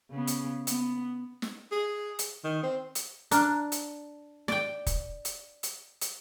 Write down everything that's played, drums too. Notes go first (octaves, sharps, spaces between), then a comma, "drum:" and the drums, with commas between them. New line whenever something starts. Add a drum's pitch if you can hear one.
C#3 B3
drum: hi-hat
B3, drum: hi-hat
drum: snare
G#4
drum: hi-hat
D#3
C4
drum: hi-hat
D4 A#5 F6 F#6, drum: hi-hat
drum: hi-hat
D5 G5, drum: snare
drum: kick, hi-hat
drum: hi-hat
drum: hi-hat
drum: hi-hat